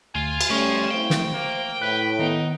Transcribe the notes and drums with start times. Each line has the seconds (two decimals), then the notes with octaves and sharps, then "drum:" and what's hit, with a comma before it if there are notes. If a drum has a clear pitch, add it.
0.15 D2 F4 G#5
0.41 drum: cymbal
0.50 F3 G3 A3 C#4 C#6
0.91 C4 E4 F5 G5
1.10 drum: snare
1.34 A#3 C5
1.82 A2 B4 F#6
2.19 D#3 B3 D#4